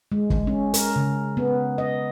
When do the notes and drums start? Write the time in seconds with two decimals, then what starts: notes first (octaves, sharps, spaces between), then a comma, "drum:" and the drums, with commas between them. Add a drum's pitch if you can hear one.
0.12 G#3
0.30 drum: kick
0.47 C#4
0.74 A#4, drum: hi-hat
0.96 C#3
1.37 B3
1.78 D#5